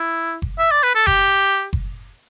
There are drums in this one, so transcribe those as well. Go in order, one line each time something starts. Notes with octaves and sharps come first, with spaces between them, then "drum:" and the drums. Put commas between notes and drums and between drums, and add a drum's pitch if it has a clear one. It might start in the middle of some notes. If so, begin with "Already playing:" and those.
Already playing: E4
drum: kick F#1
E5
D5
B4
A4
G4, drum: kick F#1
drum: kick F#1